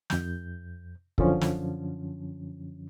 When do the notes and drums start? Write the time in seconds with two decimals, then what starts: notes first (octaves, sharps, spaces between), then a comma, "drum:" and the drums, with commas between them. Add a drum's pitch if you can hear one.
0.10 F2 G6, drum: snare
1.18 F#2 D3 F3 C#4, drum: kick
1.41 drum: snare